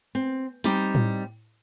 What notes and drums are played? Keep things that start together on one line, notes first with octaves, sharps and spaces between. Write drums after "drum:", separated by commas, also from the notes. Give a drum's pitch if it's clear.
C4
G3 C4 D#4 G4, drum: hi-hat
drum: tom A2